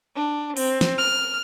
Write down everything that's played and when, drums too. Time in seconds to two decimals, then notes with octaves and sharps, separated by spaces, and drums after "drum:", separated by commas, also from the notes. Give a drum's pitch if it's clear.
0.16 D4
0.57 C4, drum: open hi-hat
0.81 drum: snare
0.98 F6